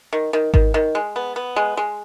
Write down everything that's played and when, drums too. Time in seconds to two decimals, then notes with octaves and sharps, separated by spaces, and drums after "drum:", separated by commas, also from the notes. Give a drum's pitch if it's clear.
0.13 D#3
0.33 D#3
0.54 D#3, drum: kick G#1
0.74 D#3
0.95 G#3
1.16 B3
1.36 B3
1.56 G#3
1.77 G#3